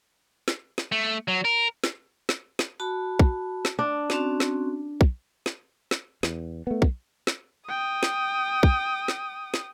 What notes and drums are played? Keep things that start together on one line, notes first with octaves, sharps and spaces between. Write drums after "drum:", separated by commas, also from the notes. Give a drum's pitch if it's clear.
drum: snare
drum: snare
A3
F#3
A#4
drum: snare
drum: snare
drum: snare
F#4 A5 B5
drum: kick
drum: snare
D4
C4 C#4 F#4, drum: snare
drum: snare
drum: kick
drum: snare
drum: snare
E2, drum: snare
A3 B3
drum: kick
drum: snare
G5 D#6
drum: snare
drum: kick
drum: snare
drum: snare